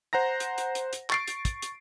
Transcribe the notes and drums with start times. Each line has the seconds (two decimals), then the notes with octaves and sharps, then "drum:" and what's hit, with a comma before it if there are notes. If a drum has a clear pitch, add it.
0.13 C5 F#5 A#5 A#6
0.40 drum: hi-hat
0.58 drum: hi-hat
0.75 drum: hi-hat
0.93 drum: hi-hat
1.10 C#6 A6 C7 D7, drum: clap
1.28 drum: hi-hat
1.45 drum: kick, hi-hat
1.62 drum: hi-hat